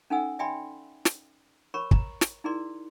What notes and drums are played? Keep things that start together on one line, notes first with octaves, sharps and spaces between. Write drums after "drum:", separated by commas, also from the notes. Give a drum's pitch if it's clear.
C#4 D#4 A4 F#5 G#5 E6
D5 E5 G5 G#5 B5 C6
drum: snare
A#4 C#5 B5 C#6
A#5, drum: kick
drum: snare
D#4 E4 G#4 A#4 D5 C6